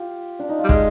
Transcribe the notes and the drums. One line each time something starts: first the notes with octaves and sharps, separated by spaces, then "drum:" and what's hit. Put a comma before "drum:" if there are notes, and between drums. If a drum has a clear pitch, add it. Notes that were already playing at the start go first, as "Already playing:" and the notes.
Already playing: F4 G4
D4
D#4
F4
G3
G#3 G4, drum: kick